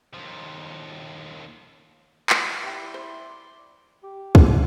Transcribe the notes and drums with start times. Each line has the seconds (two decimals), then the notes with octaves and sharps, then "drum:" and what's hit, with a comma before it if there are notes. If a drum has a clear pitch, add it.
0.14 D#2 F3
2.30 drum: clap
2.63 E4 G4 D5 G5 C6
2.94 C5
4.04 G4
4.35 A#4 F#5 G#5, drum: kick